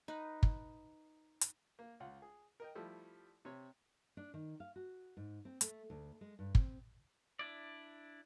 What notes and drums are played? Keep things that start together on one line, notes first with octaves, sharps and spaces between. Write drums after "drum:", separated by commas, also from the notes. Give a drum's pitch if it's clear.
D#4 B4
drum: kick
drum: hi-hat
A#3
C#2 F4 F#5
G#4
A#4 D#5 G5
F3 G3 A3 E4
C3 C#5
D4
D#3
F5
F#4
G#2
C4
A3, drum: hi-hat
D2
G#3
G2
C4, drum: kick
D4 E4 D5